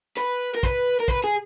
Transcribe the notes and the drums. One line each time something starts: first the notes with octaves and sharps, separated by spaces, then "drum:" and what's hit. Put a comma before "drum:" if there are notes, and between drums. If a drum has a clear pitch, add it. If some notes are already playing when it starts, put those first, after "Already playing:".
B4, drum: hi-hat
A#4
B4, drum: kick, hi-hat
A#4
B4, drum: kick, hi-hat
G#4